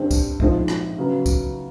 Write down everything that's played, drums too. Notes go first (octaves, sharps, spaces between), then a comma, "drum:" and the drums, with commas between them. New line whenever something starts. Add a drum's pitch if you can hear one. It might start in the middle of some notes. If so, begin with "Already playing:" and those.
Already playing: G2 D3 G3 C4
drum: kick, tambourine
A#1 G#2 F3 G#3 C4, drum: kick
drum: rim click
C#3 F#3 B3
drum: kick, tambourine